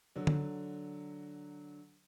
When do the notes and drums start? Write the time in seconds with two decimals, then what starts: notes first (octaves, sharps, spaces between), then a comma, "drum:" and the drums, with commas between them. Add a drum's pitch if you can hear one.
0.16 D3 F#3
0.27 drum: tom